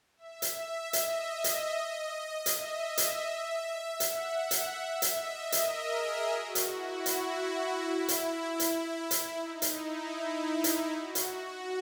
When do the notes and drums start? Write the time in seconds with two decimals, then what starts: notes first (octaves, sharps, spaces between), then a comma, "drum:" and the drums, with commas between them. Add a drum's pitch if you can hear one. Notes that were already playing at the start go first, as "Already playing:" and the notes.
0.17 E5
0.42 drum: hi-hat
0.93 D#5, drum: hi-hat
1.44 drum: hi-hat
2.46 E5, drum: hi-hat
2.97 drum: hi-hat
4.00 F#5, drum: hi-hat
4.51 drum: hi-hat
4.77 E5
5.02 drum: hi-hat
5.15 D#5
5.52 A#4, drum: hi-hat
5.91 G#4
6.30 F#4
6.55 drum: hi-hat
6.67 E4
7.06 F#4, drum: hi-hat
7.83 E4
8.08 drum: hi-hat
8.60 drum: hi-hat
9.11 drum: hi-hat
9.36 D#4
9.62 drum: hi-hat
9.74 E4
10.64 drum: hi-hat
10.89 F#4
11.15 drum: hi-hat
11.27 F#4